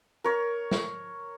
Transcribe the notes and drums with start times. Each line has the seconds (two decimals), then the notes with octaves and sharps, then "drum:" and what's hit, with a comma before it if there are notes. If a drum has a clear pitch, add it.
0.24 A#4 C#5
0.71 drum: snare